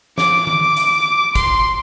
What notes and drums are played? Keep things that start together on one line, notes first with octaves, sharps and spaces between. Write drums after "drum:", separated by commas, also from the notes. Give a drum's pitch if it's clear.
D6, drum: snare
D6, drum: tom D#3
drum: hi-hat
C6, drum: kick, hi-hat